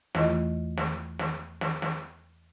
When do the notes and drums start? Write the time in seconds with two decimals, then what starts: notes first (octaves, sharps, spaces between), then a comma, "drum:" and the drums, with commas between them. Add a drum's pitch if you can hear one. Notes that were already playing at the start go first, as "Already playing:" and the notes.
0.15 E2 E3 A3 F4 D#5 F#6, drum: snare
0.77 drum: snare
1.19 drum: snare
1.61 drum: snare
1.82 drum: snare